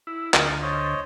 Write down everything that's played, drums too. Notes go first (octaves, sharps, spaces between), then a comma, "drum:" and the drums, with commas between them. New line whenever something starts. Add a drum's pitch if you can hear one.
E4
D2 D#4 F4 F5, drum: clap
C5 C#5 D#5